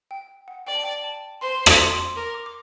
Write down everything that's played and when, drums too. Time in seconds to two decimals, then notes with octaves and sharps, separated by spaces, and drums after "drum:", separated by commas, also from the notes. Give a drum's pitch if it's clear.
0.11 G5
0.48 F#5
0.67 D5 G5
0.75 A5
0.84 G5
1.04 A5
1.41 C5 C6
1.55 C6
1.66 D6, drum: rim click
1.85 C6
1.91 D6
2.16 A#4 D6
2.34 D6
2.46 D6